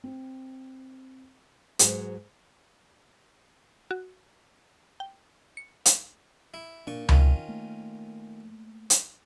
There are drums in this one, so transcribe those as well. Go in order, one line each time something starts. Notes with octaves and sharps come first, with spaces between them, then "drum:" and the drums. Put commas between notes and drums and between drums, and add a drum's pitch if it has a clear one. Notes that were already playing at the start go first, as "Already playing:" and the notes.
C4
G#2 F#3 G#4 B4 C5, drum: hi-hat
F#4
G5
C#7
F5, drum: hi-hat
E4
A#2 D4 C#6
G1 E2 C3 D#3 C#4 F4, drum: tom C#2
A3 A#3
drum: hi-hat